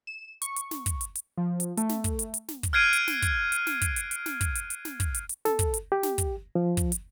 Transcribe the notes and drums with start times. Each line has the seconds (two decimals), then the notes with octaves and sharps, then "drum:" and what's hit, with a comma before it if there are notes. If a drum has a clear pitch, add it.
0.07 E7
0.42 C#6, drum: hi-hat
0.56 drum: hi-hat
0.71 drum: snare
0.86 drum: kick, hi-hat
1.01 drum: hi-hat
1.15 drum: hi-hat
1.38 F3
1.60 drum: hi-hat
1.77 A3, drum: hi-hat
1.89 drum: snare
2.04 drum: kick, hi-hat
2.19 drum: hi-hat
2.34 drum: hi-hat
2.48 drum: snare
2.63 drum: kick, hi-hat
2.73 F6 F#6 G#6 C7 D7 D#7
2.93 drum: hi-hat
3.08 drum: snare
3.22 drum: kick, hi-hat
3.52 drum: hi-hat
3.67 drum: snare
3.81 drum: kick, hi-hat
3.96 drum: hi-hat
4.11 drum: hi-hat
4.26 drum: snare
4.41 drum: kick, hi-hat
4.55 drum: hi-hat
4.70 drum: hi-hat
4.85 drum: snare
5.00 drum: kick, hi-hat
5.14 drum: hi-hat
5.29 drum: hi-hat
5.45 A4, drum: snare
5.59 drum: kick, hi-hat
5.74 drum: hi-hat
5.92 G4
6.03 drum: snare
6.18 drum: kick, hi-hat
6.55 F3
6.77 drum: kick, hi-hat
6.92 drum: hi-hat